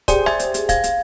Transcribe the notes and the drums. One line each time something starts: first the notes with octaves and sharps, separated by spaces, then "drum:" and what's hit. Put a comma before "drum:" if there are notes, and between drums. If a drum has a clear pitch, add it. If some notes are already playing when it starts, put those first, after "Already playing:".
G4 G#4 C5 D5 G#5, drum: kick, hi-hat
E5 G#6, drum: rim click
drum: hi-hat
drum: hi-hat
F5 G#6, drum: kick, hi-hat
drum: hi-hat